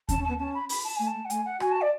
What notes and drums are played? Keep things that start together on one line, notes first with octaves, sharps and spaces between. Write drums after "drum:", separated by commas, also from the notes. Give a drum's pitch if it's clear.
C#4 A5, drum: kick D#2, hi-hat
C#4
B3 A5
C#4 A5
B5
B5, drum: open hi-hat
A5
A3 G#5
A5
A3
F#5
A3 G#5, drum: hi-hat
F#5
F#4 G#5, drum: rim click
A5
D5